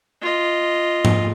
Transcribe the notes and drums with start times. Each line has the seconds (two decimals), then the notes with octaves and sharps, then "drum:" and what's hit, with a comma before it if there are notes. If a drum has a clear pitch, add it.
0.21 F4 D#5
1.05 drum: tom G#2